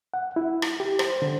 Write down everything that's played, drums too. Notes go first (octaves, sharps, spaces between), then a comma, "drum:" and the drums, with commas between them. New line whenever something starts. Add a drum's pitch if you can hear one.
F#5
E4
drum: rim click
G4
C5, drum: rim click
D3